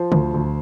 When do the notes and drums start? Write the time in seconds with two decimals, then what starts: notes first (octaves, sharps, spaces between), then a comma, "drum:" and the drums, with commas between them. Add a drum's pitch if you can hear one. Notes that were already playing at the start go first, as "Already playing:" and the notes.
Already playing: F3 C5
0.12 D2, drum: tom D3
0.34 D2